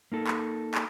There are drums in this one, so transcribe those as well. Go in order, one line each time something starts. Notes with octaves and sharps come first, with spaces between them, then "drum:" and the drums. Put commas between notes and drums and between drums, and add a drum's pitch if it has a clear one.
A#3 D#4 A4
drum: clap
drum: clap